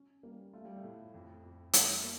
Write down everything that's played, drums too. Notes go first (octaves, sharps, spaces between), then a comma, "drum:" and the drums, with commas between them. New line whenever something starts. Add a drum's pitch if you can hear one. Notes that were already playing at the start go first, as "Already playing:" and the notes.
Already playing: C#4
G3 A#3
A3 F4
G3
A3
A2
F2
F2
G3 A3, drum: hi-hat
A#3